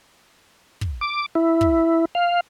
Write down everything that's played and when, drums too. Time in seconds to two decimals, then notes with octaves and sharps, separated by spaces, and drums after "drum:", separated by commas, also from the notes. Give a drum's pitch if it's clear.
0.81 drum: kick
1.01 D6
1.35 E4
1.61 drum: kick
2.15 F5